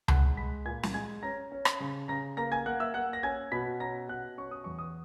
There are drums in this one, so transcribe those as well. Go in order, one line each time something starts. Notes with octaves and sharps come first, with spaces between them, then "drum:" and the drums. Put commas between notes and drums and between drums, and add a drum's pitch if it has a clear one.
G#3 F#5 F#6, drum: tom C#2
G#3 B5 B6
A#2 G#5 G#6
drum: snare
G#3 G#5 G#6
C#4 A#5 A#6
C#4
drum: rim click
C#3
C#3 A#5 A#6
A#3 A#5 A#6
G#5 G#6
A#3 F#5 F#6
E5 E6
A#3 F#5 F#6
A#6
C#4 G#5 G#6
B2 B5 B6
C#4 A#5 A#6
B2 F#5 F#6
C#4 C#6
D#6
E2 C#6
D#6